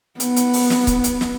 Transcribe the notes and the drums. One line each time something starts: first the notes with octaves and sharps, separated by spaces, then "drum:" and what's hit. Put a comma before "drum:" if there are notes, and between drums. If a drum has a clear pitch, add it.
B3, drum: hi-hat
drum: hi-hat
drum: open hi-hat
drum: snare
drum: kick C#1, hi-hat
drum: hi-hat
drum: snare